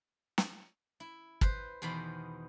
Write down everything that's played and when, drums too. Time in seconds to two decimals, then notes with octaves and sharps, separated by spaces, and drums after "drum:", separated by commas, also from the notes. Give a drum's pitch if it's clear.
0.38 drum: snare
1.00 E4
1.41 B4 C5, drum: kick
1.82 E2 B2 D#3 C5 B5